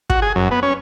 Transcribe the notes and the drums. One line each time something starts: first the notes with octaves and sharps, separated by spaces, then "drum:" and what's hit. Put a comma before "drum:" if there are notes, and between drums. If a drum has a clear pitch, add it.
F#4, drum: kick
G#4
F#2
B3
C#4